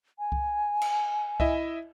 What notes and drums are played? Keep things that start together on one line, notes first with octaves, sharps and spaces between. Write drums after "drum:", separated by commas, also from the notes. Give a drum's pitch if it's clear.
G#5
drum: kick C2
drum: cymbal
E4 D#5 E5, drum: kick C2